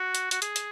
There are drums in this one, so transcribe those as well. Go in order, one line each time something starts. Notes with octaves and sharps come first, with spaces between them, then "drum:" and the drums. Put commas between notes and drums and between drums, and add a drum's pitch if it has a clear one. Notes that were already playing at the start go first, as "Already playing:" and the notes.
Already playing: F#4
drum: hi-hat
F#4, drum: hi-hat
G#4, drum: hi-hat
drum: hi-hat